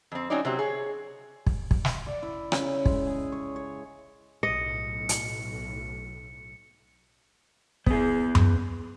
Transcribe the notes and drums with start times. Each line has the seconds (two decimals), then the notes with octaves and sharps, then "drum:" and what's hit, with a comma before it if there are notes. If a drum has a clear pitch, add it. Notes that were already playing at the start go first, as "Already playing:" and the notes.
0.12 F2 C4
0.30 F#3 C4 C#4 D#4 D5
0.45 C3 F#3 C4 G4
0.59 G#4 C#5
1.47 drum: kick
1.71 drum: kick
1.85 drum: snare
2.07 D5
2.23 E4
2.52 C#3, drum: rim click
2.86 G#3, drum: kick
3.07 G#4
3.32 C#5
3.56 C#5
4.43 B1 A2 D#5 C#7
5.09 drum: hi-hat
7.86 B3 G#4, drum: kick
8.35 drum: tom F#2